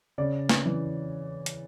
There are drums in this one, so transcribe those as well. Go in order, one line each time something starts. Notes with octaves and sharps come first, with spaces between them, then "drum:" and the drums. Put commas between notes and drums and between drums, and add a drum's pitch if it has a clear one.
C#3 D5
drum: snare
E3
drum: hi-hat